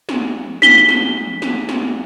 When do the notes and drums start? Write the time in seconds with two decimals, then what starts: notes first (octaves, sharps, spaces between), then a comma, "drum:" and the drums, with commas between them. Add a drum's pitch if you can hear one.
0.09 drum: snare
0.22 drum: tom
0.62 B6 G7, drum: snare
0.89 drum: snare
1.02 drum: tom
1.42 drum: snare
1.69 drum: snare
1.82 drum: tom